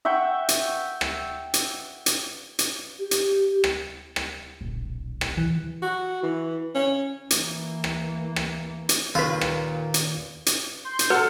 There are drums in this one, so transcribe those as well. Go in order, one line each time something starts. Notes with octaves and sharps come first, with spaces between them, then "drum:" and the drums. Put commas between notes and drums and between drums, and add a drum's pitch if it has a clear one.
E5 F#5 G5 C#6
drum: hi-hat
drum: rim click
drum: hi-hat
drum: hi-hat
drum: hi-hat
G4
drum: hi-hat
drum: rim click
drum: rim click
D#1 B1
drum: rim click
E3
F#4
E3
C#4
E3 A#3, drum: hi-hat
drum: rim click
drum: rim click
drum: hi-hat
D#2 A#2 F4 B4
drum: rim click
drum: hi-hat
drum: hi-hat
C6 G6
drum: hi-hat
A4 B4 F#5